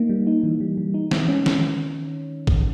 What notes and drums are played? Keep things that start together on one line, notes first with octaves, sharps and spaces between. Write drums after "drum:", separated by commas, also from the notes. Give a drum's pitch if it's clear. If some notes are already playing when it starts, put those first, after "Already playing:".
Already playing: A#3 D#4
G3
D#4
E3
G3
G3
D#4
G#3, drum: snare
C#4
D#3, drum: snare
drum: kick G#1